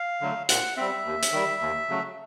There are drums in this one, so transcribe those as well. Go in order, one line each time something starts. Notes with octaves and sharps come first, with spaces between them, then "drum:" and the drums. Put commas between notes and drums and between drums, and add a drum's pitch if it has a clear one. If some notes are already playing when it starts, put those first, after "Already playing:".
Already playing: F5
D3 F#3 A3
A#2 F#5, drum: hi-hat
G3 C4 E5
D#2
drum: hi-hat
D#3 G3
D#2
C#3 F#3 A3